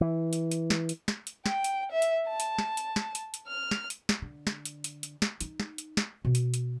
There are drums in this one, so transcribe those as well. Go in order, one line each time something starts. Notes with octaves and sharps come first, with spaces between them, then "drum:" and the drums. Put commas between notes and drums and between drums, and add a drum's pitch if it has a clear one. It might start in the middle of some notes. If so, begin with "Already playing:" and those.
E3
drum: hi-hat
drum: hi-hat
drum: snare
drum: hi-hat
drum: snare
drum: hi-hat
G5, drum: snare
drum: hi-hat
E5
drum: hi-hat
A5
drum: hi-hat
drum: snare
drum: hi-hat
drum: snare
drum: hi-hat
drum: hi-hat
F6
drum: snare
drum: hi-hat
drum: snare
D3
drum: snare
drum: hi-hat
drum: hi-hat
drum: hi-hat
drum: snare
D#4, drum: hi-hat
drum: snare
drum: hi-hat
drum: snare
B2
drum: hi-hat
drum: hi-hat